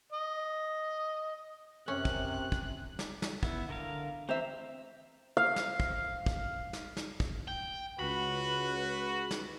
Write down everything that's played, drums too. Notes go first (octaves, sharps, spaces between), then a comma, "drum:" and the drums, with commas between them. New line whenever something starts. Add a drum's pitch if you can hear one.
D#5
F#2 C3 C#4 F#6
drum: kick
drum: kick
drum: snare
drum: snare
B3 E4, drum: kick
D3 A#4 F5
E3 C4 C5 E5 A#5
F5
drum: snare
drum: kick
drum: kick
drum: snare
drum: snare
drum: kick
G5
C#2 F#4 B4 B5
drum: snare